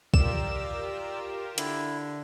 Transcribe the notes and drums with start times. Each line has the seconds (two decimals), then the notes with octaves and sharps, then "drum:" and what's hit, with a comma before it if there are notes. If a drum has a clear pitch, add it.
0.14 F4 G4 A#4 D5 E6 E7, drum: kick B1
1.58 D3 E4, drum: hi-hat